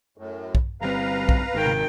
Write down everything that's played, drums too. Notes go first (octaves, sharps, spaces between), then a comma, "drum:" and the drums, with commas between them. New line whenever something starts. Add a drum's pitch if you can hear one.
F#2 A2
drum: kick B1
G1 G3 C4 B4 F5 A#5
drum: kick B1
G#1 D#3 G5
drum: tom C3